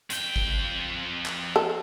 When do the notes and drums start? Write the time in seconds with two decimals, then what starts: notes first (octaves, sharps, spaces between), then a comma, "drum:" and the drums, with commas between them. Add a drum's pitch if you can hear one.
0.10 F2 G5, drum: hi-hat
0.36 drum: kick G#1
1.26 drum: clap
1.56 A4